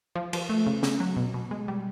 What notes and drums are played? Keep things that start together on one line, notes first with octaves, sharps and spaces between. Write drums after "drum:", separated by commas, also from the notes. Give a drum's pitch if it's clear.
F3
F3, drum: cymbal
A3
C#3
C#3, drum: snare
F#3
B2
B2
G#3
G3